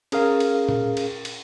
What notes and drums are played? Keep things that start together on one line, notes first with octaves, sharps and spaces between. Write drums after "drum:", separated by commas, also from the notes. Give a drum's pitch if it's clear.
C#4 G#4 A#4 F5, drum: cymbal
drum: cymbal
drum: tom A#2
drum: cymbal
drum: cymbal